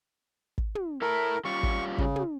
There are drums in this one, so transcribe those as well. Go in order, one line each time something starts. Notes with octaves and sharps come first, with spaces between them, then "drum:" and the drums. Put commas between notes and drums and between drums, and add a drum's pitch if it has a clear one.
drum: kick
drum: tom
E4 A4 A#4
G3 C#4 F4 C#6
drum: kick
C#3, drum: kick
drum: tom